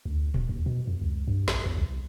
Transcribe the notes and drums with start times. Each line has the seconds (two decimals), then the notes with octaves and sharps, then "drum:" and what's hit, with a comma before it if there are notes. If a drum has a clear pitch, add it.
0.05 D2
0.34 D1, drum: tom A#2
0.49 D#2
0.66 B2
0.88 F2
1.01 C#2
1.27 G2
1.48 A#1, drum: snare
1.66 E2
1.79 C2